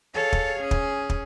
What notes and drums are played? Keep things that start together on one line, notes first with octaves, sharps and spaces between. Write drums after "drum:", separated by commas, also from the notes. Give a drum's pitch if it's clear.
G#4 A4 C#5 F5
drum: kick
C#4 G#4
drum: kick
drum: kick